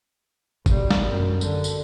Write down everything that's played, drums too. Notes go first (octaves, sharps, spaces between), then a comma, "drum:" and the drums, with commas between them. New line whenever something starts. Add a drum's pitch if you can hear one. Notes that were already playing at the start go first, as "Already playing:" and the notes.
B1 G3, drum: kick G1, tambourine
drum: snare
F#2
D3, drum: tambourine
drum: tambourine